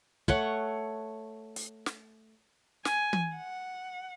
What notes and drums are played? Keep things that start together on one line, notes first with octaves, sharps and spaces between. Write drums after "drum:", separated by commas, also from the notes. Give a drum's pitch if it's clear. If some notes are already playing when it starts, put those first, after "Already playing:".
A3 C#5 F#5, drum: kick
drum: hi-hat
drum: snare
G#5, drum: snare
drum: tom
F#5